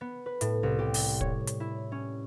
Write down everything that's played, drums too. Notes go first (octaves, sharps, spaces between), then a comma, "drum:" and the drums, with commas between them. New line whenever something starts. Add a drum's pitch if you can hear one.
B3
B4
A2, drum: hi-hat
C2
G4
drum: open hi-hat
C#5, drum: kick
drum: hi-hat
E4
C#4